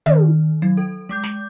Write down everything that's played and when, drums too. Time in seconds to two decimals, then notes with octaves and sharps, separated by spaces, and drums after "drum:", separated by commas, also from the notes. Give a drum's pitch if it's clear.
0.06 D#3, drum: tom
0.62 F#3
0.77 A4
1.09 G#3 D6 G6
1.23 drum: snare